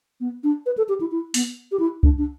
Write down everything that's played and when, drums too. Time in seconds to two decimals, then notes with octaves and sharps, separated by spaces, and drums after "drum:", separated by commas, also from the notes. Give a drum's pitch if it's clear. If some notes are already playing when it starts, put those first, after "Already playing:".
0.20 B3
0.44 D4
0.66 B4
0.77 A4
0.89 G4
1.00 E4
1.11 E4
1.34 B3, drum: open hi-hat
1.72 G4
1.79 E4
2.03 D4, drum: kick C#2
2.18 D4